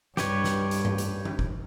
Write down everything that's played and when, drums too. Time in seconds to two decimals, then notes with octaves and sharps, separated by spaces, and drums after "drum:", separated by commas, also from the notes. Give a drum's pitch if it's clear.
0.17 G2 G4 B4 C#5, drum: snare
0.44 drum: snare
0.71 drum: hi-hat
0.85 drum: tom G2
0.98 drum: hi-hat
1.25 drum: tom E3
1.39 drum: kick F#1